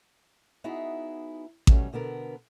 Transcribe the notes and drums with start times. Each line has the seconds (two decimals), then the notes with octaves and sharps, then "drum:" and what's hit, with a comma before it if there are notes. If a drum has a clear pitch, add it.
0.64 B3 D#4 E4 F#4 G#4
1.67 B2 F#3 G3 A3 C#4, drum: kick A1
1.93 B2 D3 B3 A#4